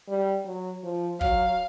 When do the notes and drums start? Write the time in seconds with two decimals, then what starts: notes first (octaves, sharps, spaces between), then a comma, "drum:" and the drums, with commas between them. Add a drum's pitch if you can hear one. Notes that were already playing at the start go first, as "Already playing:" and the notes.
0.08 G3
0.45 F#3
0.83 F3
1.21 F#3 F5, drum: kick